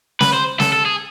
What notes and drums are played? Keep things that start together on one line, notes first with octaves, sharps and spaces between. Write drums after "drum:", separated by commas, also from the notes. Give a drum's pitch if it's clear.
B4, drum: snare
C5
A4, drum: snare
A4
G#4